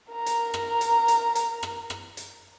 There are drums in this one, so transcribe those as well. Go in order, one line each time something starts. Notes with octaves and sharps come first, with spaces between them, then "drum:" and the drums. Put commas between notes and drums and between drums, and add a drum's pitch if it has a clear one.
A#4 A#5
drum: hi-hat
drum: rim click
drum: hi-hat
drum: hi-hat
drum: hi-hat
drum: rim click
drum: rim click
drum: hi-hat